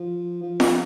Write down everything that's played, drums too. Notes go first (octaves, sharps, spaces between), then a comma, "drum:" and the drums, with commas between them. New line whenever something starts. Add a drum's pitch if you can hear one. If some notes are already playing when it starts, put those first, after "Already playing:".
Already playing: F3
F3
drum: snare